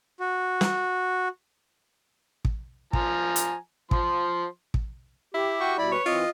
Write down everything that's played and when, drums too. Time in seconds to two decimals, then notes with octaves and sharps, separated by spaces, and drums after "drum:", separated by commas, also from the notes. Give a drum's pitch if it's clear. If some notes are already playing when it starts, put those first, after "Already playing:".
0.20 F#4
0.61 drum: snare
2.45 drum: kick
2.93 F3 G#5 A#5, drum: kick
3.36 drum: hi-hat
3.91 F3 C6, drum: kick
4.74 drum: kick
5.34 E4 G4
5.60 F#4 G5 C#6
5.78 B2 G3 E4 D5 B5
5.92 B4 C#5
6.06 E3 C4 F4 D#5